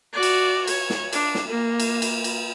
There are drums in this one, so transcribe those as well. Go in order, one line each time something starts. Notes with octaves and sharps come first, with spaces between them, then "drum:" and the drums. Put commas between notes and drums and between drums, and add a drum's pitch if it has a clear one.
F#4 D5
drum: cymbal
C#5, drum: cymbal
drum: snare
D4, drum: cymbal
drum: snare
A#3
drum: cymbal
drum: cymbal
drum: cymbal